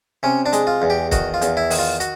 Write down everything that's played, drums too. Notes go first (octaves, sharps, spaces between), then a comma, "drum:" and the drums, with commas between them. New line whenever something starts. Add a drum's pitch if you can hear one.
C3 C#4
D4
G#3, drum: hi-hat
F4
E2
G4
D#3 F#4, drum: kick, hi-hat
F4
E2, drum: hi-hat
E4
D#3, drum: open hi-hat
F4
F#4, drum: hi-hat